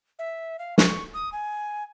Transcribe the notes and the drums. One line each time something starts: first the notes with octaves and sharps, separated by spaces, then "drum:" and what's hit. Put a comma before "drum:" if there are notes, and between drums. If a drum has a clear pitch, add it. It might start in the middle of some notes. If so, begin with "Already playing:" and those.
E5
F5
C#6, drum: snare
D#6
G#5